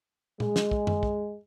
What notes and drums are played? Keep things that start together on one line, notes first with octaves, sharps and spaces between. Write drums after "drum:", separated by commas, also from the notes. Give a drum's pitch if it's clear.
G#3, drum: tom A#2
drum: snare
drum: kick
drum: tom F#2
drum: kick